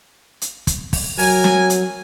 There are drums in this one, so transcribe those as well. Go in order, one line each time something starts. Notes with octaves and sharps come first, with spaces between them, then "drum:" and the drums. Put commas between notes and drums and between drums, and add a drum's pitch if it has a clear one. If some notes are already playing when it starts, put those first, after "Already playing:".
drum: hi-hat
drum: kick, hi-hat
drum: kick, open hi-hat
F#3 A#4 G#5, drum: open hi-hat
drum: snare
drum: hi-hat